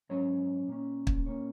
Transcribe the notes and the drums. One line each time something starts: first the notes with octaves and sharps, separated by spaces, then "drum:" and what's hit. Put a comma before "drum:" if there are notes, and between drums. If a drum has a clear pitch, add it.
G#2 F#3 C#4 C#5
A#2 A#3 C#4
drum: kick
A#2 A#3 C#4 C#5